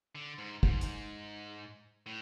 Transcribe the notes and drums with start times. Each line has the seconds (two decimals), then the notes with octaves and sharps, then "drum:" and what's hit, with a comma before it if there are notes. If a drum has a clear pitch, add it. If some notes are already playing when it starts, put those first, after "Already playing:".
0.15 D3
0.38 G#2
0.63 G#2, drum: kick
0.81 drum: hi-hat
2.06 A2